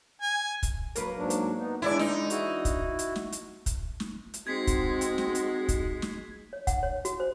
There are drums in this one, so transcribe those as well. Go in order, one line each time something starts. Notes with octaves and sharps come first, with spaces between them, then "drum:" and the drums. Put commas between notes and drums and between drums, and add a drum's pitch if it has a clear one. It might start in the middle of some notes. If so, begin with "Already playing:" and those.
G#5
drum: kick, hi-hat
F#3 A#3 B4, drum: hi-hat
G#2 F#3 D4
drum: hi-hat
B3 D#4
E3 G#3 D4 E4 D5
D#4, drum: snare
E4 F#4, drum: hi-hat
drum: kick, hi-hat
drum: hi-hat
drum: snare
drum: hi-hat
drum: kick, hi-hat
drum: snare
drum: hi-hat
G#3 C4 D#4 F#4 G#6 B6 C7
drum: kick, hi-hat
drum: hi-hat
drum: snare
drum: hi-hat
drum: kick, hi-hat
drum: snare
C#5
F#5, drum: kick, hi-hat
C#5
F#4, drum: hi-hat
C5